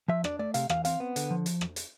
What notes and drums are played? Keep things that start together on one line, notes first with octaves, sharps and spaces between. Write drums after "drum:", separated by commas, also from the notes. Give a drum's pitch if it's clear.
F3 E5
D4 D5, drum: rim click
A3 D5
C3 F5, drum: hi-hat
E3 F5, drum: rim click
C4 F5, drum: hi-hat
B3
D3, drum: hi-hat
F3
drum: hi-hat
drum: rim click
drum: hi-hat